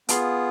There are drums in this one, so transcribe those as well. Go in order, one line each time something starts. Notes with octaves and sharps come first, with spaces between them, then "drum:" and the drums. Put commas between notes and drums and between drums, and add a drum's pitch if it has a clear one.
B3 F4 G#4 F5, drum: hi-hat